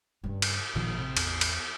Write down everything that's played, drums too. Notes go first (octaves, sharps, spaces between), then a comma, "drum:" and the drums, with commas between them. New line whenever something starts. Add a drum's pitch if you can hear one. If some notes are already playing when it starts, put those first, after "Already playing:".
G2 C#3
drum: cymbal
A1 A#2 D#3 F3
C3
E2, drum: cymbal
drum: cymbal